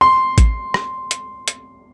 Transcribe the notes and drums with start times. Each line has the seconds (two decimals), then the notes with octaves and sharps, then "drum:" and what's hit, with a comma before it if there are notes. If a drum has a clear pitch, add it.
0.01 C6
0.38 drum: kick A1, hi-hat
0.74 drum: rim click
1.11 drum: hi-hat
1.48 drum: hi-hat